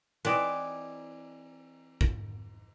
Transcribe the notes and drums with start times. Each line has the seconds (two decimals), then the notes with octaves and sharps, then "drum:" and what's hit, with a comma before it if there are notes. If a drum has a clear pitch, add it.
0.25 E3 C4 D5 D#5, drum: cymbal
2.01 drum: kick A#1